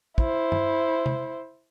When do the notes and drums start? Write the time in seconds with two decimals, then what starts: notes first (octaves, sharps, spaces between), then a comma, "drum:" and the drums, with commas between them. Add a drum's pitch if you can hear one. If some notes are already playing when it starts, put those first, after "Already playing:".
0.18 E4 C5, drum: kick
0.52 drum: tom G2
1.06 drum: tom C3